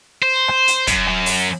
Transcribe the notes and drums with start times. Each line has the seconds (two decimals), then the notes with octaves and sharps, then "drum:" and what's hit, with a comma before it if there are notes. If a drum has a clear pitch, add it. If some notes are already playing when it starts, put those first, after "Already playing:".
0.22 C5
0.48 drum: rim click
0.68 drum: hi-hat
0.87 F#2, drum: kick, hi-hat
1.06 drum: rim click
1.26 drum: open hi-hat